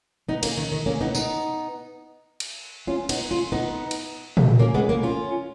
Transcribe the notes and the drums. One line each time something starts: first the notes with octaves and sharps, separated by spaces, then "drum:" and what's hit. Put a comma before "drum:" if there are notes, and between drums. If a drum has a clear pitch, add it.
B3 D#4
A#3 C#4, drum: cymbal
D#3
D#3
A#3 C#4
B3 D#4
B3 D#4, drum: tambourine
drum: cymbal
C#4 F4
B3 D#4, drum: cymbal
C#4 F4
B3 D#4
drum: cymbal
drum: tom A#2
A#3 C#4
G#3 B3
A#3 C#4
C#4 F4